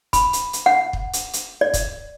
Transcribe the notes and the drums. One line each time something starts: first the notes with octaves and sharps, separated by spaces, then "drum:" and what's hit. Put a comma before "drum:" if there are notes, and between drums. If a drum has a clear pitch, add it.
B5, drum: kick, hi-hat
drum: hi-hat
drum: hi-hat
F#5
drum: kick
drum: hi-hat
drum: hi-hat
D5
drum: kick, hi-hat